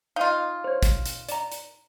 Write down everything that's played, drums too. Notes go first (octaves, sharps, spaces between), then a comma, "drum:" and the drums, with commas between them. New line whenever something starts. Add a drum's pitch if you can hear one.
D#4 F4 D#5 F5
C5 C#5
drum: kick, hi-hat
drum: hi-hat
D5 A#5, drum: hi-hat
drum: hi-hat